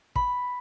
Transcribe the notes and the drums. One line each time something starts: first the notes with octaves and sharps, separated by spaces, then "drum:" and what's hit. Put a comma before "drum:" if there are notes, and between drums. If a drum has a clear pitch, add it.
B5, drum: kick